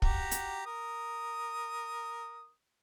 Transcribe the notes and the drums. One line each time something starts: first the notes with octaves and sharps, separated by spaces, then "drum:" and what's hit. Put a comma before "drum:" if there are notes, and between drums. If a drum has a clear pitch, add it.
F#4 G4 A#5, drum: kick
drum: hi-hat
A#4 D#6